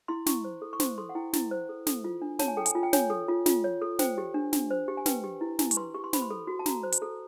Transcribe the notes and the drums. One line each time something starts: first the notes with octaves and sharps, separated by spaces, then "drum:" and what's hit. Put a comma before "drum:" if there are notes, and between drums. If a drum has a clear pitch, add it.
E4 C6
E4 C#6, drum: snare
C5
A4
C#6
C5 C6, drum: snare
A4 C6
F#5
E4 G5
E4, drum: snare
C5
A4
A4, drum: snare
F4
D4
C#5 A5, drum: snare
G#5
A4 G5
G#5, drum: hi-hat
F4
G5
C#5 G#5, drum: snare
A4
F4
F4, drum: snare
C#5
A4
C5 G5, drum: snare
G4
D4
D4, drum: snare
C5
G4
G#5
B4 G5, drum: snare
G4
E4
E4 G#5, drum: snare
C#6, drum: hi-hat
B4 C6
G4 C#6
C6
C5 B5, drum: snare
C6
A4
F#4
A5
F#4 A#5, drum: snare
C5
drum: hi-hat
A4